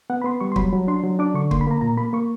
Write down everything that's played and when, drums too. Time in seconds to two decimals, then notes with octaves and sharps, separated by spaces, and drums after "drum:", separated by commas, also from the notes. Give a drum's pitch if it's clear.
0.10 B3 F#5
0.22 B5
0.24 B3 C6
0.40 G3 C#6
0.52 C6
0.56 F#3 B5, drum: kick
0.72 F#3
0.88 D4 C6
1.04 F#3
1.19 D4 D6
1.34 D3 C#6
1.51 A#3 C6, drum: kick
1.61 B5
1.67 A#3 A#5
1.81 A#2 A#5
1.97 A#3 B5
2.13 A#3 C#6